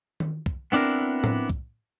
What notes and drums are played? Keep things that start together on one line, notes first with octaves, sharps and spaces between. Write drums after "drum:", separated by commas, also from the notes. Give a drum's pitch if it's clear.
drum: tom D#3
drum: kick
B3 C4 D4 E4 A#4
drum: tom A2
drum: kick